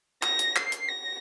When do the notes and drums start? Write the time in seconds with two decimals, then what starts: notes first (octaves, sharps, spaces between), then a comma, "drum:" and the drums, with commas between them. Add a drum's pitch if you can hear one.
0.23 A#6, drum: clap
0.39 drum: hi-hat
0.56 C7, drum: clap
0.72 drum: hi-hat
0.89 A#6